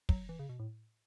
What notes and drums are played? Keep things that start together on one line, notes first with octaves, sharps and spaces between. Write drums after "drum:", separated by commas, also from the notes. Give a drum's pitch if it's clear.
F#3, drum: kick
E3
C#3
B2
A2